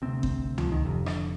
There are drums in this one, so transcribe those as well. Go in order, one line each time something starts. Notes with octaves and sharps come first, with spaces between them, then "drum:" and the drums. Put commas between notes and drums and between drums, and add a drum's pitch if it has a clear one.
D2 C3 C4
C4, drum: kick G1
F3, drum: tom C#2
D#3
F1 F2 C3
D3, drum: rim click